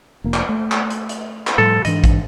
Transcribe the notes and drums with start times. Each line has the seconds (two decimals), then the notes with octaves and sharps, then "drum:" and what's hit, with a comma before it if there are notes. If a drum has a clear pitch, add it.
0.24 F1 A#3
0.34 drum: clap
0.49 A3
0.72 drum: clap
0.90 drum: hi-hat
1.09 drum: hi-hat
1.47 drum: clap
1.58 A2 F3 G3 A4
1.85 G#2 E3 D4 D#5, drum: hi-hat
2.04 drum: kick A1, hi-hat